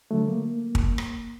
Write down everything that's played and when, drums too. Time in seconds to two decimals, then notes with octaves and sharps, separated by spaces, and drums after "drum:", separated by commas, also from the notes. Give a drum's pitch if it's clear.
0.11 D3 F#3 A3
0.28 A#3
0.75 drum: kick
0.98 drum: rim click